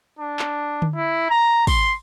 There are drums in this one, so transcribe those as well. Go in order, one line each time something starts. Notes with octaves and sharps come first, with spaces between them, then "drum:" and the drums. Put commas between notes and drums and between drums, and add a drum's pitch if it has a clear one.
D4
drum: clap
drum: tom D3
E4
A#5
C6, drum: kick, open hi-hat